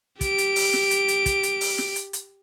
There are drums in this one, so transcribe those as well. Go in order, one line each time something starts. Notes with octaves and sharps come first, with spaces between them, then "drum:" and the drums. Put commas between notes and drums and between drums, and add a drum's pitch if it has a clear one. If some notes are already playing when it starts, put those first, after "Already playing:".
G4 D7, drum: kick, hi-hat
drum: hi-hat
drum: open hi-hat
drum: snare
drum: hi-hat
drum: hi-hat
drum: kick, hi-hat
drum: hi-hat
drum: open hi-hat
drum: snare
drum: hi-hat
drum: hi-hat